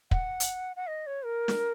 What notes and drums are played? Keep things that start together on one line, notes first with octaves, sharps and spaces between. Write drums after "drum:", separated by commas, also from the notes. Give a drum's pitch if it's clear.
F#5, drum: kick
drum: hi-hat
F#5
D#5
C#5
A#4
drum: snare